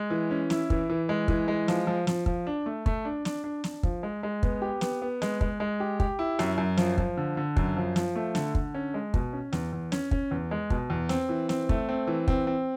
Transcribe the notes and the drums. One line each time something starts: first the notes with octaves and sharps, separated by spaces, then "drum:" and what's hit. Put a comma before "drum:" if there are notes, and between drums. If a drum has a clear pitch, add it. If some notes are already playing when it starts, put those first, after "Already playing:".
Already playing: G#3
E3
C#4
E4, drum: snare
E3, drum: kick
E3
G#3
E3, drum: kick
G#3
F3, drum: snare
F3
F3, drum: snare
F3, drum: kick
D4
A3
A3, drum: kick
D4
D4, drum: snare
D4
D4, drum: snare
F3, drum: kick
G#3
G#3
B3, drum: kick
G4
B3, drum: snare
B3
G#3, drum: snare
G#3, drum: kick
G#3
G4
G4, drum: kick
E4
F#2, drum: snare
F#2
F3, drum: snare
F3, drum: kick
D3
D3
F#2, drum: kick
F3
F3, drum: snare
A3
D3, drum: snare
D3, drum: kick
C#4
G#3
B2, drum: kick
C#4
E2, drum: snare
E2
C#4, drum: snare
C#4, drum: kick
E2
G#3
B2, drum: kick
E2
C4, drum: snare
E3
C4, drum: snare
A3, drum: kick
C4
E3
C4, drum: kick
C4